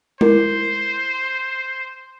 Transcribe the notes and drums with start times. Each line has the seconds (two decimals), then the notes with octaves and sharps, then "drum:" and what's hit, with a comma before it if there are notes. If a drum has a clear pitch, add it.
0.21 E4 A#4 C5, drum: tom G#3